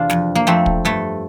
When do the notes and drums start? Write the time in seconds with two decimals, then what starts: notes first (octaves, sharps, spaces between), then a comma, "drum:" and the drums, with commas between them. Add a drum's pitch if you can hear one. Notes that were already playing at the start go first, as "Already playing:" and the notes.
Already playing: E2 C3 D4 F4
0.10 F2, drum: snare
0.35 A#3
0.47 F2 A3 C4
0.66 drum: kick
0.85 G2 A3